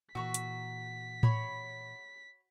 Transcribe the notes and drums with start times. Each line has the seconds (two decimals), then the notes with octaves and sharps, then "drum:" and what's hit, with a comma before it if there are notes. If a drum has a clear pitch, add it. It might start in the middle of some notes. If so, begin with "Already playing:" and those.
0.15 A#2 E3 F#4 A#5 C#6 E6 B6
0.34 drum: hi-hat
1.23 C#5 B5 C#6, drum: tom A2